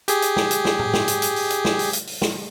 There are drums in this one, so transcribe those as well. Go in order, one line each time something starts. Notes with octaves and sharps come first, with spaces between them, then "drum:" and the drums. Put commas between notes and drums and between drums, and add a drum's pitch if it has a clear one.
G4 G#4, drum: hi-hat
drum: hi-hat
drum: snare
drum: hi-hat
drum: snare
drum: tom G#2
drum: snare
drum: hi-hat
drum: hi-hat
drum: open hi-hat
drum: hi-hat
drum: snare
drum: open hi-hat
drum: hi-hat
drum: open hi-hat
drum: snare